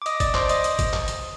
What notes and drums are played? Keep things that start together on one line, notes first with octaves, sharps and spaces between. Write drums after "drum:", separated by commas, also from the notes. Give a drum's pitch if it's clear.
D6
D#5 D#6, drum: hi-hat
D5 D6, drum: kick, hi-hat
C5 C6, drum: clap
D#5 D#6, drum: hi-hat
drum: hi-hat
drum: kick, hi-hat
drum: clap
drum: hi-hat